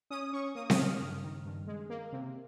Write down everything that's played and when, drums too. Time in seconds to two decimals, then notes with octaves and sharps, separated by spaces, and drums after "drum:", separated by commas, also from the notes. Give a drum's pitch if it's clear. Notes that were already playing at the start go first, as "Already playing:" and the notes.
0.10 C#4 D#6
0.33 C#4 C#6
0.55 A#3 D#6
0.70 D#6, drum: snare C4
0.78 C#3 F6
1.00 G2
1.23 D#3
1.45 G2
1.67 G#3
1.90 A#3
2.13 C3